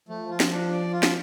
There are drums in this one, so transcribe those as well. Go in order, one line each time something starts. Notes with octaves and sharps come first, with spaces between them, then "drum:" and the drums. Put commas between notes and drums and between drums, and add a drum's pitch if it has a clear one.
F3 A3
F4
drum: snare
D4
D5
F4
drum: snare